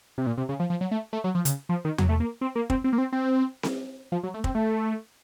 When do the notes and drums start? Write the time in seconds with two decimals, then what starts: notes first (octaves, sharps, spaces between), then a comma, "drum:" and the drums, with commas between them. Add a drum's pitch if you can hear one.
0.18 C3
0.27 A#2
0.38 C3
0.49 C#3
0.60 F3
0.70 F3
0.81 F#3
0.91 A3
1.13 A3
1.24 F#3
1.35 F3
1.45 C#3, drum: hi-hat
1.69 F3
1.85 D#3
1.98 F#3, drum: tom E2
2.09 A3
2.20 A#3
2.41 C4
2.55 A#3
2.70 C4, drum: kick
2.84 C4
2.93 A#3
2.98 C4
3.12 C4
3.63 drum: snare C4
4.12 F3
4.23 F#3
4.34 A3
4.44 C4, drum: kick
4.55 A3